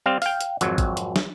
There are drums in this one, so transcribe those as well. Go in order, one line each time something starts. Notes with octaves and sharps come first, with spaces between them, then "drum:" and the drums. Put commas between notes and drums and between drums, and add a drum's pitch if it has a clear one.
G3 C4 F5
F5 G5, drum: open hi-hat
drum: hi-hat
G#1 F2 F#3, drum: hi-hat
drum: kick A1, hi-hat
drum: hi-hat
drum: snare